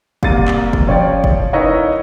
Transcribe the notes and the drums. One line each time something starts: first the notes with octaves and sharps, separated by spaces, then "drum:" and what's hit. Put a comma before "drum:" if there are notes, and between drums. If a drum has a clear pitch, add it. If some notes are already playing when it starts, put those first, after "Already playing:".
C2 A#3 A6 D#7, drum: kick
drum: clap
drum: kick
F3 C#4 C#5 D5 G5 A6
drum: kick
D#4 E4 A#4 B4 C#5 D#5